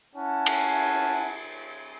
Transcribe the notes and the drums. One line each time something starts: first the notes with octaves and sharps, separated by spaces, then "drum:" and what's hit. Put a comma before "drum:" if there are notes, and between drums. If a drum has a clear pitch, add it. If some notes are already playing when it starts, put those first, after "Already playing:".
C#4 E4 F#5 G#5 A5
drum: cymbal